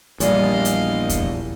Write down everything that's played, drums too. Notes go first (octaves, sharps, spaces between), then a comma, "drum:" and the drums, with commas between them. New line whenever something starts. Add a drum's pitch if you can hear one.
A#1 E2 G3 D#5 F5, drum: hi-hat
drum: hi-hat
drum: kick E2, hi-hat